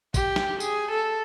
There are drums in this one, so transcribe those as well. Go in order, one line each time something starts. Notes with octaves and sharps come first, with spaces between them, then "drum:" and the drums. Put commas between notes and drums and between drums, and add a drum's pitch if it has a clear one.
G4, drum: kick, tambourine
drum: snare
G#4, drum: tambourine
A4